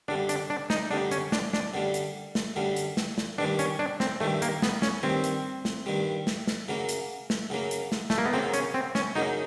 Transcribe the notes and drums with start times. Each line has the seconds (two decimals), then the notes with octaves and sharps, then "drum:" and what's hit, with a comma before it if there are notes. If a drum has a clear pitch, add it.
0.08 F#2 D3 G3 D4
0.29 D4, drum: hi-hat
0.50 D4
0.70 D#4, drum: snare
0.90 F#2 D3 G3 D4
1.11 C#4, drum: hi-hat
1.32 D4, drum: snare
1.53 D4, drum: snare
1.74 F#2 D3 G3
1.94 drum: hi-hat
2.35 drum: snare
2.56 F#2 D3 G3
2.76 drum: hi-hat
2.97 drum: snare
3.18 drum: snare
3.38 G2 D#3 G3 D4
3.59 C#4, drum: hi-hat
3.79 D4
4.00 C4, drum: snare
4.20 G2 D#3 G3 A3
4.42 A#3, drum: hi-hat
4.62 B3, drum: snare
4.82 C#4, drum: snare
5.03 G2 D#3 G3 C4
5.24 drum: hi-hat
5.65 drum: snare
5.86 G2 D#3 G3
6.27 drum: snare
6.47 drum: snare
6.68 F#2 C#3 F#3 A#3
6.89 drum: hi-hat
7.30 drum: snare
7.50 F#2 C#3 F#3 A#3
7.71 drum: hi-hat
7.92 drum: snare
8.10 A3, drum: snare
8.18 A#3
8.25 B3
8.33 F#2 C#3 F#3 A#3 C4
8.53 C#4, drum: hi-hat
8.74 C4
8.95 C#4, drum: snare
9.15 F#2 C#3 F#3 A#3 D#4